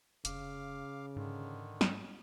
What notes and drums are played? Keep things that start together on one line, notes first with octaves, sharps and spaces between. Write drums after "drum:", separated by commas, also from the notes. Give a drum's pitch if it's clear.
F1 C#3 F5 D6, drum: hi-hat
G#2 D3 D#3
drum: snare